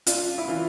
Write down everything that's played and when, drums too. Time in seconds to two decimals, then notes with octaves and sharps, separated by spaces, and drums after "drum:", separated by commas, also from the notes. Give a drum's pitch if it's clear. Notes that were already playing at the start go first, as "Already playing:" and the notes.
0.07 D4 F4, drum: hi-hat
0.38 E4
0.48 E3 F4